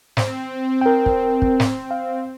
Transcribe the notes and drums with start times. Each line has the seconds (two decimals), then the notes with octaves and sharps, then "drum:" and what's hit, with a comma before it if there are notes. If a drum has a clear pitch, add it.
0.17 C4, drum: snare
0.81 A#4 G5
1.06 drum: kick
1.42 drum: kick
1.60 drum: snare
1.91 F5